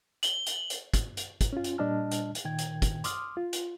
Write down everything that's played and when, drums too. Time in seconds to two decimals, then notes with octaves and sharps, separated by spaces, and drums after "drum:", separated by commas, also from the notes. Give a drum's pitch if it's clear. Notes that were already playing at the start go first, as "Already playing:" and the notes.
0.23 F#7 G7, drum: hi-hat
0.46 drum: hi-hat
0.70 drum: hi-hat
0.94 drum: kick, hi-hat
1.17 drum: hi-hat
1.41 drum: kick, hi-hat
1.53 C#4 F4
1.64 drum: hi-hat
1.78 A#2 G3 D4 D#5 A5 F6
2.11 drum: hi-hat
2.35 drum: hi-hat
2.44 A#2 D#3 G5 G#6
2.59 drum: hi-hat
2.82 drum: kick, hi-hat
3.04 C6 D6 D#6 F6, drum: hi-hat
3.37 F4
3.53 drum: hi-hat